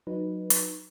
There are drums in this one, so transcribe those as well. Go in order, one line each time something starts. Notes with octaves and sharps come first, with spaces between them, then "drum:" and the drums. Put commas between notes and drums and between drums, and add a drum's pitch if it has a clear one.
F#3 D#4 B4
drum: hi-hat